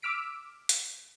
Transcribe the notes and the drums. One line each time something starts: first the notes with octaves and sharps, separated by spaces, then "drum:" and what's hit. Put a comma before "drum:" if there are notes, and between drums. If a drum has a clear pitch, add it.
D6 E6 F6 B6 D7
drum: hi-hat